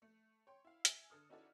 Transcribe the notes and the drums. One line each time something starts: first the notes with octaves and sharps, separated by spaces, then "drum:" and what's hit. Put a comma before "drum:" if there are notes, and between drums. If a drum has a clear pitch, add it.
A3
C#5 G5 C6
E4 F5
E5 G#5 G#6 C7, drum: hi-hat
D3 A4 D#6 F6
C#4 D#4 E4 F#4 A4 D5